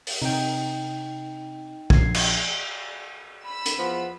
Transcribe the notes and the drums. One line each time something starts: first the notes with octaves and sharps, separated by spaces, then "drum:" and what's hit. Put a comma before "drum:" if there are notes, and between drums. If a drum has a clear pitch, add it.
drum: open hi-hat
C3 D#4 G5
A#1 G#6 C7, drum: kick
drum: cymbal
B5 E6
drum: hi-hat
E2 F3 B3